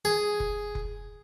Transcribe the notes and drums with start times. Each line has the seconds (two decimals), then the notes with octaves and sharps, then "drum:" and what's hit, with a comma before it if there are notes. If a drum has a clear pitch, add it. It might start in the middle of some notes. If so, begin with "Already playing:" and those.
0.05 G#4
0.40 drum: kick F1
0.75 drum: kick F1